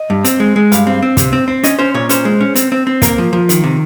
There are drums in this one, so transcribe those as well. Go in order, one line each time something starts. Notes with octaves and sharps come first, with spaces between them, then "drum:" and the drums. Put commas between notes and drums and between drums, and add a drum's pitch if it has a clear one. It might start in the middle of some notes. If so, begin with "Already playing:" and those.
Already playing: D#5
G2
C4, drum: hi-hat
G#3
G#3
G2 F5, drum: hi-hat
C4
C4
C3, drum: kick, hi-hat
C4
C4
C#4 D#5, drum: hi-hat
C#4 C5
A#2 C#5
C#4 C5, drum: hi-hat
G#3
C#4
C4, drum: hi-hat
C4
C4
A#3 A#4, drum: kick, hi-hat
F3
F3
D#3, drum: hi-hat
C3